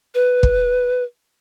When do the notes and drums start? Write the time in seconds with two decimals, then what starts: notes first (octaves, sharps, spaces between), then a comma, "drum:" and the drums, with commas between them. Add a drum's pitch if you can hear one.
0.14 B4
0.43 drum: kick